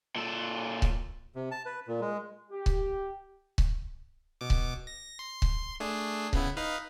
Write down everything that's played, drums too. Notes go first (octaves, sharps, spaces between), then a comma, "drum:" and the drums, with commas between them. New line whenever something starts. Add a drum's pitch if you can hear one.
A#2 A4
drum: kick C#1
C3
A5
B4
A#2
G#3
G4
drum: kick C#1
drum: kick C#1
B2 D6
drum: kick C#1
A#6
C6
drum: kick C#1
A3 D4 G#4
C#3 B3 E4, drum: kick C#1
D#4 B4 F5